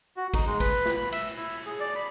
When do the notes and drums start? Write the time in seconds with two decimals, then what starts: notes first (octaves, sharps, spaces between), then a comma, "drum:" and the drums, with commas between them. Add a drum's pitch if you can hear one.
0.17 F#4
0.34 D#4, drum: kick, cymbal
0.47 G#3
0.60 B4, drum: kick, cymbal
0.86 drum: snare
0.96 B5
1.12 E5, drum: cymbal
1.37 E4
1.66 G#4
1.80 D5
1.96 B5